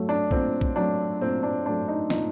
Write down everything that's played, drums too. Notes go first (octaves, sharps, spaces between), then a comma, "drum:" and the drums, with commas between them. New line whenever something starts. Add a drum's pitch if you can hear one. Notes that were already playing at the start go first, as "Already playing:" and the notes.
Already playing: F#3 A3
D4
A#2 C4, drum: kick A#1
drum: kick A#1
F#3 A3 D4
A#2 C4
D4
F#3 A3 D4
D#4
A#2 D#4, drum: snare